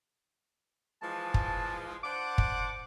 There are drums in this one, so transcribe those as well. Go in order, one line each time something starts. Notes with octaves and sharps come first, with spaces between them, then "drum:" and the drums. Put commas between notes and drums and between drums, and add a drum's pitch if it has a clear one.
E3 F3 G#3 A5
drum: kick
D4 C5 F#5 D6
drum: kick